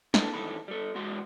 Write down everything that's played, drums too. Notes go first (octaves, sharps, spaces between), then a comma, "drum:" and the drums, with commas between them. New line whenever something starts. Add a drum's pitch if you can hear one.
A#3 D4 E4 A4 B4 A5, drum: snare
G2 D#3 E3 A4 B5
G3 A4
E2 G#3 F#4 F#5 C6